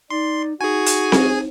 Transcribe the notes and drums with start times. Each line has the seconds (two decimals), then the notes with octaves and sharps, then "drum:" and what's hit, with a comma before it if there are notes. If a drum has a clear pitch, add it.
0.10 D#4 D5 C6
0.61 D#4 F#4 G#4 G#5
0.86 drum: hi-hat
1.12 drum: snare C4